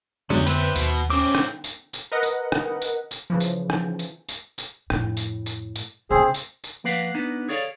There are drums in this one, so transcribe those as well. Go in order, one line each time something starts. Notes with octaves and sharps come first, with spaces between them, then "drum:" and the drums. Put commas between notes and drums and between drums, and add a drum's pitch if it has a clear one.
F2 D3 F#3 G#3 B3 C#4 D4 G4
E3 G4 B4 C5 E5, drum: tambourine
D#2 B2, drum: tambourine
A2 C4 C#4 D6
drum: rim click
drum: tambourine
drum: tambourine
A#4 B4 D#5 F#5
drum: tambourine
drum: rim click
drum: tambourine
drum: tambourine
C#3 E3 F3
drum: tambourine
drum: rim click
drum: tambourine
drum: tambourine
drum: tambourine
F2 A2, drum: rim click
drum: tambourine
drum: tambourine
drum: tambourine
C#3 C4 D4 G#4
drum: tambourine
drum: tambourine
F3 A#3 B4 F5 F#5
B3 D4 D#4
G#4 A4 C#5 D5 F5